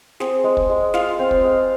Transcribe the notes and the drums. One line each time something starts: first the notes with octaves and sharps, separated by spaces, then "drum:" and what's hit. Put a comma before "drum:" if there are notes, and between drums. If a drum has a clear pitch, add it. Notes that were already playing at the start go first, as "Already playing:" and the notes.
C4 G#4, drum: snare
G#3
drum: kick
G#3
F4 F5, drum: snare
C4
drum: kick
G#3